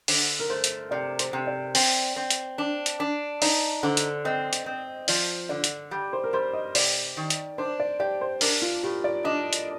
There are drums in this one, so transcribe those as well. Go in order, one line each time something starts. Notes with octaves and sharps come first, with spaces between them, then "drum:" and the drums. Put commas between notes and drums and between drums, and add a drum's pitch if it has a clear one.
D3, drum: open hi-hat
A#4
A3 C5
drum: hi-hat
C3 D5
C5, drum: hi-hat
C3
D5
C4, drum: open hi-hat
C4
drum: hi-hat
D4
drum: hi-hat
D4
D#4 D5, drum: open hi-hat
D3 C5
drum: hi-hat
C4 D#5
drum: hi-hat
C4
F3 D5, drum: open hi-hat
D3 D5
drum: hi-hat
G3
C5
A#4
G3 C5
D#5
C3 D5, drum: open hi-hat
D#3
drum: hi-hat
D4 C5
D5
G4 D5
C5
D4 A#4, drum: open hi-hat
F4
A2 G4
D5
D4 D#5
drum: hi-hat